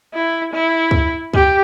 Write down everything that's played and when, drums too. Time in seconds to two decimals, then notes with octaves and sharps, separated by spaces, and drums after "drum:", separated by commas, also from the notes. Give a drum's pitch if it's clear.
0.14 E4
0.53 E4
0.91 drum: kick
1.34 G4, drum: kick